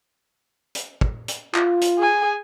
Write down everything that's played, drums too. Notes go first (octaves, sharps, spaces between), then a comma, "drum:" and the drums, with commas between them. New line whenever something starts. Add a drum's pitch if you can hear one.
drum: hi-hat
drum: kick
drum: hi-hat
F4, drum: clap
drum: hi-hat
G#4 G#5